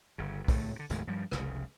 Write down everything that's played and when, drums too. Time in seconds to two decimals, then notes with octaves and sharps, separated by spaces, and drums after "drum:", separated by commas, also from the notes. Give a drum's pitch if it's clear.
0.18 G1 C#3
0.48 C#2 A2 A3, drum: kick, open hi-hat
0.76 A#2 D3
0.90 F#1 D#2 A2 G#3, drum: hi-hat
1.07 G2 F3 G3
1.31 F1 C2 C#3, drum: rim click